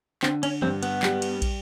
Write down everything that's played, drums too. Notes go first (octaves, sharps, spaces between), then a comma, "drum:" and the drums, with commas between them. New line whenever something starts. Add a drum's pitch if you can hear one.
D3 C4, drum: clap
C#4, drum: cymbal
G2 C4, drum: tom
B3, drum: cymbal
G3, drum: clap
drum: cymbal
drum: kick, cymbal